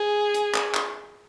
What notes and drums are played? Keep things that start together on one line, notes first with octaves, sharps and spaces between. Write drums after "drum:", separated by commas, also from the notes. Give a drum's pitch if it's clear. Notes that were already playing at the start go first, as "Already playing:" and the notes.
Already playing: G#4
drum: hi-hat
drum: clap
drum: clap